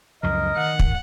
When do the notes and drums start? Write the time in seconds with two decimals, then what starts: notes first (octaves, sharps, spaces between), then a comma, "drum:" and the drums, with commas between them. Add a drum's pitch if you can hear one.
0.23 C#2 F#2 F3 A#4 D#5
0.57 D#3 F#5
0.79 drum: kick